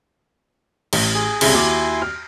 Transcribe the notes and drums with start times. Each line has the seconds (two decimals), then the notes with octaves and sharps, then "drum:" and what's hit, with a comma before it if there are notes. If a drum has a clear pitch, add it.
0.93 A1, drum: cymbal
1.14 G#4
1.41 C2 C#3 E4 G#5 C6, drum: cymbal
1.53 D#2 F#4 D6
2.02 F6